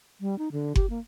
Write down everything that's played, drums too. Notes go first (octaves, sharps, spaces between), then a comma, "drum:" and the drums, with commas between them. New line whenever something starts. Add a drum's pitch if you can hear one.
G3
D#4
D3
G4, drum: kick F#1
A#3